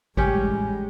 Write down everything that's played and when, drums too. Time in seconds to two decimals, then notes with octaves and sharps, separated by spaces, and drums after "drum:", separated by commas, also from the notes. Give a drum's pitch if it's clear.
0.17 A1 G3 G#3 C#4 G4 C#5, drum: kick G#1